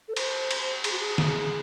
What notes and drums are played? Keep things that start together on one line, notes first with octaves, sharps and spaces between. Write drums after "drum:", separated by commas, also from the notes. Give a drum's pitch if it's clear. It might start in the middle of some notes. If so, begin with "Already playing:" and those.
A4
C5, drum: cymbal
drum: cymbal
G#4, drum: cymbal
F#4
G#4
drum: snare